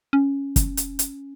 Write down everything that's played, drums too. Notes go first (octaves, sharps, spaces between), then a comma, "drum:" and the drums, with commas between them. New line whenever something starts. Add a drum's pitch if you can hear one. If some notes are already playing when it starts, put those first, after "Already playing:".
C#4
drum: kick, hi-hat
drum: hi-hat
drum: hi-hat